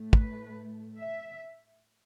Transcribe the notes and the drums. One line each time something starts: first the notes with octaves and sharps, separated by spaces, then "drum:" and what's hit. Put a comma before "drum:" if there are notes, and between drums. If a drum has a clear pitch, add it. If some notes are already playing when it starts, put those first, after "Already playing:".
Already playing: A2 A3
B4, drum: kick
E5